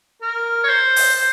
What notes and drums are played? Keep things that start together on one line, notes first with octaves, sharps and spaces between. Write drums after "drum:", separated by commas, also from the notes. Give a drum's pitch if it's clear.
A#4
C#5
C5
drum: open hi-hat
C5